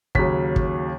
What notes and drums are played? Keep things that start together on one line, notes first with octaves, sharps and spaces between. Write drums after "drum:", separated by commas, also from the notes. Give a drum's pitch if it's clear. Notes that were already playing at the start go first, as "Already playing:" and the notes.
D#2 C#3 F#3 B6, drum: kick
drum: kick